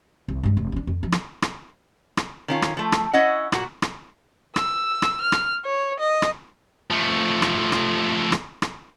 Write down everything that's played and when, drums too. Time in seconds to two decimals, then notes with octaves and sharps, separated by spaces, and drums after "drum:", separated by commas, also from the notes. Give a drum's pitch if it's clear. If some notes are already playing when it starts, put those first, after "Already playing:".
0.28 C2
0.43 G2 G#3
0.57 F1
0.72 C4 D4
0.87 F2
1.03 F3
1.12 drum: rim click
1.42 drum: rim click
2.17 drum: rim click
2.48 D#3 C#4 F4
2.62 drum: rim click
2.77 F3 A3
2.92 drum: rim click
3.13 C#4 E4 D#5 F#5
3.52 A#2 F#4, drum: rim click
3.82 drum: rim click
4.56 E6, drum: rim click
5.02 drum: rim click
5.21 F6
5.32 drum: rim click
5.65 C#5
6.00 D#5
6.22 drum: rim click
6.91 F3 A3
7.42 drum: rim click
7.72 drum: rim click
8.32 drum: rim click
8.62 drum: rim click